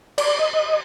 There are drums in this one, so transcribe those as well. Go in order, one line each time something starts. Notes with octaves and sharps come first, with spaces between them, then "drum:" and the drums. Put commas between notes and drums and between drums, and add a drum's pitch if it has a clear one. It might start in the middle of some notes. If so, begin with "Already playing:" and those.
D5, drum: cymbal
D#5
D#5